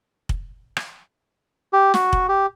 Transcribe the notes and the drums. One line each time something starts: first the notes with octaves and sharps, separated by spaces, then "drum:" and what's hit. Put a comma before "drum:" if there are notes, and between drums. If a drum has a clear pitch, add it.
drum: kick
drum: rim click
G4
F#4, drum: snare
drum: kick
G4